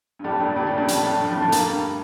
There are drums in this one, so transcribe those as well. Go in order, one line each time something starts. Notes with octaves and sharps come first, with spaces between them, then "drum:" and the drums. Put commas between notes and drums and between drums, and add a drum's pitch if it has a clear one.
G2
F2 A2 G3
G2 A#2
A#2 D3 G3
A2 C#3
G2 A#2
F2 A2, drum: hi-hat
F2 A2
G2
F2 A2
F2 A2
G2 A#3, drum: hi-hat
G2